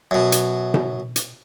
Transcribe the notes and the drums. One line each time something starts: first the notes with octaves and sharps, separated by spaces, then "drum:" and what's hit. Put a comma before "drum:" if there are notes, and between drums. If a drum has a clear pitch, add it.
F#2 B2
drum: hi-hat
drum: tom B2
drum: hi-hat